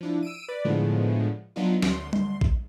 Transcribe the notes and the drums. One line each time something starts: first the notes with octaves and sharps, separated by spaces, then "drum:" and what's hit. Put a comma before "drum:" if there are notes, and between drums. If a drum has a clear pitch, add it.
F3 D4 E4
E6 D7 D#7
B4 D5
A2 D3 F3 G#3 A3 B3
F#3 B3 D4 D#4 F4
D2 C6, drum: snare
drum: tom G3
drum: kick A#1